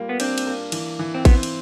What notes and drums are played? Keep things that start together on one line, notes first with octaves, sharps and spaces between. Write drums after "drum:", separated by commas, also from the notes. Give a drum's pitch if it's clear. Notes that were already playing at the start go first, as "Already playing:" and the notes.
Already playing: G3 A#3 F4
B3
C4 D4, drum: cymbal
drum: cymbal
A#3
E3, drum: cymbal
E3
C4
B3 C4, drum: kick A1, cymbal
drum: cymbal